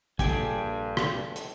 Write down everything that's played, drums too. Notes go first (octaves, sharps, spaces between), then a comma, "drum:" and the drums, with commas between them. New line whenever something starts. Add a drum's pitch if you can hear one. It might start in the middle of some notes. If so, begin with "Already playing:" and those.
A#1 G2 G4 A4 G5 G#5, drum: kick, hi-hat
drum: rim click
drum: hi-hat